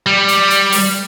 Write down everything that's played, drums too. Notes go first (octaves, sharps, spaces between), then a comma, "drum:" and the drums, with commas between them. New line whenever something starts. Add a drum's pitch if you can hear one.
G3
drum: hi-hat
drum: hi-hat
drum: open hi-hat